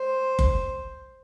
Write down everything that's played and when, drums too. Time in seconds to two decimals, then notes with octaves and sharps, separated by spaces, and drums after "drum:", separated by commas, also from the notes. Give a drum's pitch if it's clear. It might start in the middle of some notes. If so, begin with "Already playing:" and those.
Already playing: C5
0.39 drum: kick F#1